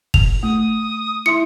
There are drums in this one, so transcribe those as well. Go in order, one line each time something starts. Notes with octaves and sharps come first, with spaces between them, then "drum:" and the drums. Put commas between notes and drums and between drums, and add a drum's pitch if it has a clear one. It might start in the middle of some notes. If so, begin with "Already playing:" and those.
F7, drum: kick
A3 D#6
E4 E5 C6 C#7